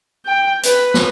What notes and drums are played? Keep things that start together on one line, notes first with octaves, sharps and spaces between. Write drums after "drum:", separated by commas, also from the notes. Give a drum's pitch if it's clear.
G5
B4, drum: hi-hat
drum: snare